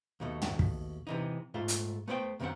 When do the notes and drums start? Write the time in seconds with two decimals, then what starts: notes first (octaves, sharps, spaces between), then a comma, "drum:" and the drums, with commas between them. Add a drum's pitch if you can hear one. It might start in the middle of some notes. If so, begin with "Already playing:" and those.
0.20 D#2 B2 A3
0.42 drum: tom
0.59 drum: kick
1.07 C3 E3 D#4
1.54 G#2 A3 F4
1.68 drum: hi-hat
2.08 A3 B3 C5 D#5 G5
2.40 B1 F#2 D#3 C4 C#4 F#5